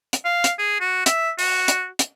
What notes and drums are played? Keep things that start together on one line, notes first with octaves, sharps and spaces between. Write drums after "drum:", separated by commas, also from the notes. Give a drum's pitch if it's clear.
drum: hi-hat
F5
drum: hi-hat
G#4
F#4
E5, drum: hi-hat
F#4, drum: open hi-hat
drum: hi-hat
drum: hi-hat